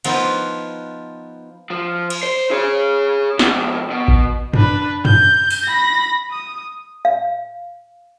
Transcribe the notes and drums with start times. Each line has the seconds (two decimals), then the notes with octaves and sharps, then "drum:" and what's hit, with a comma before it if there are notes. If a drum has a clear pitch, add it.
0.04 F3 B3 D#4 F4, drum: cymbal
1.70 F3
2.10 drum: cymbal
2.23 C5
2.51 G#4 C#5
3.39 F2 B2, drum: snare
3.91 B2
4.08 drum: kick A1
4.53 D4 B4, drum: tom F#2
5.05 G6, drum: tom F#2
5.50 drum: open hi-hat
5.66 B5 A#6
6.31 D#6
7.05 F5